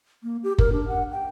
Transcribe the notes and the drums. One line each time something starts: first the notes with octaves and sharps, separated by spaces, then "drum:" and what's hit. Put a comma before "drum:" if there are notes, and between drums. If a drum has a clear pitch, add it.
A#3
G4
A#4, drum: kick F#1
D4
F#5
G5